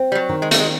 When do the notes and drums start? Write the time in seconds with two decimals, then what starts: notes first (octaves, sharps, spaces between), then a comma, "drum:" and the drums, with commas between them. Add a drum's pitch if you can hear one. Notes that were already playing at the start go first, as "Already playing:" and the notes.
Already playing: C4
0.12 G3
0.15 F#3
0.29 D#3
0.42 G#3
0.51 A3, drum: hi-hat
0.60 G#3